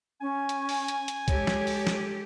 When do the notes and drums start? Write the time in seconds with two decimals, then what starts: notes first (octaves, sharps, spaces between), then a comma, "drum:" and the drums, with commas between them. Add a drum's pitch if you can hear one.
0.21 C#4 G#5
0.49 drum: hi-hat
0.69 drum: open hi-hat
0.88 drum: hi-hat
1.08 drum: hi-hat
1.28 G#3 G4 A4 C#5, drum: kick C2, hi-hat
1.47 drum: snare
1.67 drum: open hi-hat
1.87 drum: snare